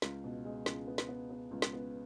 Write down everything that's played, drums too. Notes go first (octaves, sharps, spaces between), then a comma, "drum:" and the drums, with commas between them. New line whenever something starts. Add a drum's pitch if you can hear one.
C#2, drum: snare
B2
G#3
C#2, drum: snare
B3
drum: snare
B3
B3
C#2
drum: snare
B3